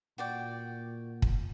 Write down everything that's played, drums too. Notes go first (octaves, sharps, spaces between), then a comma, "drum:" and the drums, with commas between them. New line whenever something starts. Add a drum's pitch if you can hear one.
A#2 F#4 D5 G5
drum: kick